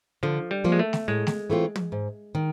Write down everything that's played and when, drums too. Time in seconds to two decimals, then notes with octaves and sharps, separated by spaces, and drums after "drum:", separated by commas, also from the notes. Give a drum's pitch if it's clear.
0.23 D3 F3
0.51 G3
0.64 F3 A#3
0.72 G#3
0.79 A3
0.93 drum: snare A3
1.08 A2 G#3
1.27 drum: snare A3
1.50 E3 A3 C4 F4
1.76 drum: tom
1.92 G#2
2.35 D#3